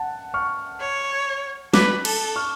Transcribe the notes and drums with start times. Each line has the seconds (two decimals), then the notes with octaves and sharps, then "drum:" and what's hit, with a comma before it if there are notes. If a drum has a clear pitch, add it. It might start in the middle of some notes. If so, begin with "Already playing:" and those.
Already playing: F#5 A5
0.34 C#6 F6
0.80 C#5
1.74 B4 D6 F#6, drum: snare
2.05 A4, drum: cymbal
2.36 C#6 F6